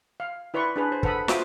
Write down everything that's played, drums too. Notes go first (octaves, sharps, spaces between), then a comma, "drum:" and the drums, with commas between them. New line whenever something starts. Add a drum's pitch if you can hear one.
F5
E4 B4 D5 C6 C#6
D4 G#4 B4
C5
A4 B4 F#5 B5 D#6, drum: kick
F4 F#4 C5 E5 D6 D#6, drum: snare